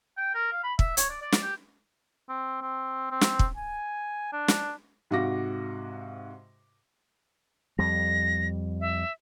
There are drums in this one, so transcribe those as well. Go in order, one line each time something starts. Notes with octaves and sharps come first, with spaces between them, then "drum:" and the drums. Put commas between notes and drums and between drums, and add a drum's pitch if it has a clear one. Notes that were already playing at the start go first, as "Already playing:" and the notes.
G5
A#4
F5
B5
E5, drum: kick
C#5, drum: hi-hat
D5
D5
drum: snare
G4
C4
C4
C4
drum: snare
drum: kick
G#5
D4
drum: snare
G#2 C3 F#4 F5 D6 A#6
F2 G3 A#6
E5